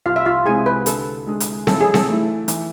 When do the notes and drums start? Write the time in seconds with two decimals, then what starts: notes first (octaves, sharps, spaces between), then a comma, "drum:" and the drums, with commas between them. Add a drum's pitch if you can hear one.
0.06 C2 F4 F5
0.16 E5
0.26 F4 F5
0.46 C3 G#3 C4 E4 G#4 G#5
0.66 B4
0.86 D3 A4, drum: hi-hat
1.27 G#3 D4 G#4
1.40 drum: hi-hat
1.67 E3 A4, drum: snare C4
1.81 G#4
1.94 A4, drum: snare C4
2.08 A3 E4
2.48 E3, drum: hi-hat